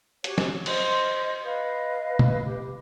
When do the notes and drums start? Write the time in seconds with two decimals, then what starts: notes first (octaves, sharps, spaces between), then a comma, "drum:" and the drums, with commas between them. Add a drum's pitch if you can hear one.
0.24 F#4 G4 C#5, drum: hi-hat
0.38 drum: snare
0.66 C5 D#5 C6 G6, drum: cymbal
1.44 B4 D#5 F5
2.19 drum: tom
2.42 G4